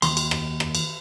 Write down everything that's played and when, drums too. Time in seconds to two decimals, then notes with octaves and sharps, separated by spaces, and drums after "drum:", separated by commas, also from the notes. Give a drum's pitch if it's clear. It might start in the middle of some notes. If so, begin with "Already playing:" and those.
0.02 D#2 C6, drum: cymbal
0.17 drum: cymbal
0.31 drum: rim click
0.60 drum: rim click
0.75 drum: cymbal